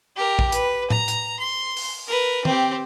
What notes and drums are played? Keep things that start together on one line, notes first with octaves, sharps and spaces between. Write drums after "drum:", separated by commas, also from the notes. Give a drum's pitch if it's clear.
G4 A#4
drum: kick A#1
B4, drum: hi-hat
A#5, drum: tom A2
drum: hi-hat
C6
drum: open hi-hat
A#4 B4
C4 G4, drum: tom D#3